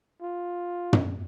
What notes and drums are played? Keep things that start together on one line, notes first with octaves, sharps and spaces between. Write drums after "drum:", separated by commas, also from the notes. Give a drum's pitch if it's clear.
F4
drum: tom